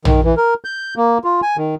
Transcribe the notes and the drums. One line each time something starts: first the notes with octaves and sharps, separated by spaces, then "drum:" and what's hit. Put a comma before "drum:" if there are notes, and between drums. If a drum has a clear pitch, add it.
D#3, drum: tom
E3
A#4
G6
A#3
F4
G#5
D#3